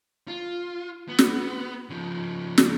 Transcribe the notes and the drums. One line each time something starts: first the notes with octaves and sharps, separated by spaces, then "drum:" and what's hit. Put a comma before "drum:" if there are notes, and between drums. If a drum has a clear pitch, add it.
F4
B3
drum: snare
C#3 F3
drum: snare